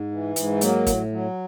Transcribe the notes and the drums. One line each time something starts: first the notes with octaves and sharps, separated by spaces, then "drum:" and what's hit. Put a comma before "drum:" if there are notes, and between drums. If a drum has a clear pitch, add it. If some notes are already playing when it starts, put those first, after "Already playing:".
Already playing: G#2
E3
G#2, drum: hi-hat
F#3 A#3, drum: hi-hat
A2, drum: kick, hi-hat
F#3